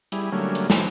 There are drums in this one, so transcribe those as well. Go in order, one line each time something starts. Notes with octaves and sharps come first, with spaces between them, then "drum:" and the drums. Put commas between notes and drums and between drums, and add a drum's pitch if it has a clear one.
G3 E4 G#4, drum: hi-hat
D3 F#3 G3 A3 A#3 C#4
drum: hi-hat
E3 F#3 C5, drum: snare